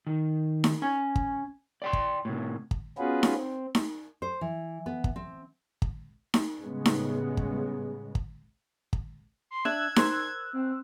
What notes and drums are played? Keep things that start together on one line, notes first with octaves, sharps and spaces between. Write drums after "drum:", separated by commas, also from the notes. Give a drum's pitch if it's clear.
D#3
drum: snare D#4
C#4 G#5
drum: kick
D5 G5 C6
drum: kick
A2 C3
drum: kick
B3 C#4 F4 F#4 G#4 B4
drum: snare D#4
C4
drum: snare D#4
C5
E3
B3
drum: kick
C4
drum: kick
drum: snare D#4
A2 C#3 G3 G#3 B3
drum: snare D#4
drum: kick
drum: kick
drum: kick
C6
D4 E5 E6 F#6 G#6
A#4 C5, drum: snare D#4
C4